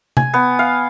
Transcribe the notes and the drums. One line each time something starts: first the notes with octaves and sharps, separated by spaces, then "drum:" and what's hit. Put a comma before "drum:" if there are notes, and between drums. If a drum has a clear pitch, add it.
G#5, drum: tom C3
B3
F5